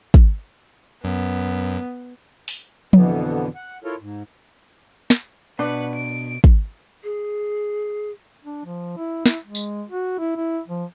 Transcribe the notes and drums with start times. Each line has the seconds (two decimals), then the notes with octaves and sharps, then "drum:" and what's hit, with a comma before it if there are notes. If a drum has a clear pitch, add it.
0.14 drum: kick
1.04 F#2 B3
2.48 drum: open hi-hat
2.93 F2 B2 D3 E3 B3, drum: tom F3
3.55 F#5
3.84 E4 F4 A4 A#4 C#5
4.00 G#2
5.10 drum: snare
5.59 B2 D4 B4 F#5
5.95 D7
6.44 drum: kick
7.03 G#4
8.44 D4
8.65 F3
8.97 E4
9.26 E4, drum: snare
9.45 G#3
9.55 drum: tambourine
9.90 F#4
10.19 E4
10.37 E4
10.68 F3